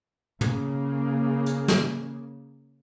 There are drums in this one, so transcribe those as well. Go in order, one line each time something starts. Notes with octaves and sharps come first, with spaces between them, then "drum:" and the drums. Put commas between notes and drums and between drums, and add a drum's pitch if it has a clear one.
C#3 A#3, drum: tom
drum: hi-hat
drum: snare